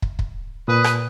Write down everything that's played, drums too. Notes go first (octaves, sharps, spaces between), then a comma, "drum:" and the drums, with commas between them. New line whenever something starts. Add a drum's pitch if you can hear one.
drum: kick
drum: kick
A#2 B4 D#6
drum: rim click